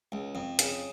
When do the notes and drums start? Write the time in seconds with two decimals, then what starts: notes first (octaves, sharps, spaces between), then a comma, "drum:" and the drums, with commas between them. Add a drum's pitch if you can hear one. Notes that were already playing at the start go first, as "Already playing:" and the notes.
0.12 C#2
0.35 F2
0.59 C#3, drum: hi-hat